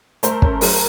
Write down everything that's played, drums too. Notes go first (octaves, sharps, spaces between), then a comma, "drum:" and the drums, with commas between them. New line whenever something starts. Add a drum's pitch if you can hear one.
A3 A#4 C5, drum: hi-hat
C#4, drum: kick
F#3 G#4 A#4, drum: open hi-hat